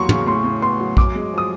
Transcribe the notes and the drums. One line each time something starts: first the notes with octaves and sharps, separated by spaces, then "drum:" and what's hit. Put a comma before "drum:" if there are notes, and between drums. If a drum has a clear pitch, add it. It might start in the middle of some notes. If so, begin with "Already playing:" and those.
Already playing: E2 F#3 A#3 C6 C#6
C#3, drum: tom
A2 C6
A2
B3 C6
F#3
F#2 D6, drum: kick A#1
G#3
F3 D#6